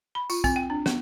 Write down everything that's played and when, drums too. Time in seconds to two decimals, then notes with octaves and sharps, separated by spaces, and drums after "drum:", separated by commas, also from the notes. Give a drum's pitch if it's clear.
0.15 B5
0.30 F4, drum: tambourine
0.44 C4, drum: kick A#1, tambourine
0.56 G5
0.70 D4
0.86 B3, drum: snare